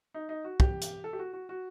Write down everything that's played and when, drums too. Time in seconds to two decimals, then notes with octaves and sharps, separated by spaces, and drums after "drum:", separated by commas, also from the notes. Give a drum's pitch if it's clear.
0.14 D#4
0.29 D#4
0.44 F#4
0.60 G4, drum: kick
0.82 drum: hi-hat
1.04 A4
1.13 G4
1.19 F#4
1.33 F#4
1.49 F#4